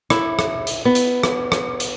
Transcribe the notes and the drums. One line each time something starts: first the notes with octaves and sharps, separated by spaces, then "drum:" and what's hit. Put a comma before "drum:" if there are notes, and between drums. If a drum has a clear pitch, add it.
E4, drum: rim click
drum: rim click
drum: hi-hat
B3
drum: hi-hat
drum: rim click
drum: rim click
drum: hi-hat